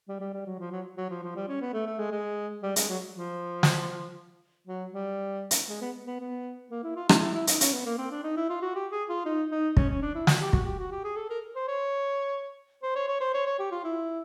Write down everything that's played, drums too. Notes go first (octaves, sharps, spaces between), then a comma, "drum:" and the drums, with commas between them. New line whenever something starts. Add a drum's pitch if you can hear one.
G3
G3
G3
F#3
F3
F#3
F#3
F3
F3
G3
C#4
B3
A3
A3
G#3
G#3
G3
G#3, drum: hi-hat
F#3
F3
drum: snare
F#3
G3
drum: hi-hat
G#3
B3
B3
B3
A#3
E4
F4
E4, drum: rim click
E4
E4
D#4, drum: hi-hat
C#4, drum: hi-hat
B3
A#3
C4
D4
D#4
E4
F4
F#4
G4
G#4
F4
D#4
D#4
C#4, drum: kick
C#4
D4
E4
F#4, drum: snare
G4
F#4, drum: kick
G4
F#4
G4
G#4
A4
A#4
C5
C#5
C5
C#5
C#5
C5
C#5
C#5
G4
F4
E4